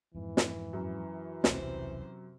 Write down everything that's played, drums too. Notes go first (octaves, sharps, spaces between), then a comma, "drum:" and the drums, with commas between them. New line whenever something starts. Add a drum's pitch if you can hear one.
F2 G#2 E3
drum: snare
F#2
E1 C2 C3 C5, drum: snare